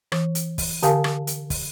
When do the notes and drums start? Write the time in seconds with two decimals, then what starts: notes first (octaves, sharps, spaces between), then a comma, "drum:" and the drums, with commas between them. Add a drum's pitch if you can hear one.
0.12 E3, drum: rim click
0.35 drum: hi-hat
0.58 drum: kick, open hi-hat
0.83 D3 G4 A#4 F5 G#5 A5, drum: hi-hat
1.04 drum: rim click
1.27 drum: hi-hat
1.50 drum: kick, open hi-hat